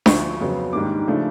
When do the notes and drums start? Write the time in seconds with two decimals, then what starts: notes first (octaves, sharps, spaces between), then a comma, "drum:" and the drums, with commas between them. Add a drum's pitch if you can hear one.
0.06 D2 D3 F3 C#6, drum: snare D4
0.40 F2 C#3 F#3 B3
0.73 G#2 D#3 G3 A#3 D4 D6
1.07 C#3 F3 A3 D4